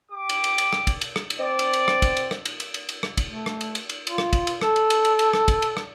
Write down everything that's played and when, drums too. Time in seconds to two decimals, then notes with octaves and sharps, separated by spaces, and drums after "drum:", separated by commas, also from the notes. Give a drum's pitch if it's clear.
0.11 G4 D6
0.29 drum: cymbal
0.44 drum: cymbal
0.58 drum: cymbal
0.73 drum: rim click
0.87 drum: kick, cymbal
1.01 drum: cymbal
1.16 drum: rim click
1.30 drum: cymbal
1.40 C4 D5
1.59 drum: cymbal
1.73 drum: cymbal
1.88 drum: rim click
2.02 drum: kick, cymbal
2.17 drum: cymbal
2.31 drum: rim click
2.45 drum: cymbal
2.60 drum: cymbal
2.74 drum: cymbal
2.89 drum: cymbal
3.03 drum: rim click
3.17 drum: kick, cymbal
3.28 A3
3.46 drum: rim click
3.61 drum: cymbal
3.75 drum: cymbal
3.89 drum: cymbal
4.07 F4, drum: cymbal
4.18 drum: rim click
4.33 drum: kick, cymbal
4.47 drum: cymbal
4.61 A4, drum: rim click
4.76 drum: cymbal
4.90 drum: cymbal
5.05 drum: cymbal
5.19 drum: cymbal
5.33 drum: rim click
5.48 drum: kick, cymbal
5.62 drum: cymbal
5.77 drum: rim click